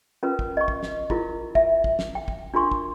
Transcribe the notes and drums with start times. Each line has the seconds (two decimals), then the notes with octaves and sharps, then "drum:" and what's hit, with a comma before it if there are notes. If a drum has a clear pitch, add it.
0.23 C#4 F4 A#4 B4
0.39 drum: kick
0.57 D#5 C#6
0.68 drum: kick
0.83 drum: snare
1.10 E4 F4 A#4, drum: kick
1.55 E5, drum: kick
1.84 drum: kick
1.99 drum: snare
2.15 G5
2.28 drum: kick
2.54 D4 F4 A#4 C6 C#6
2.71 drum: kick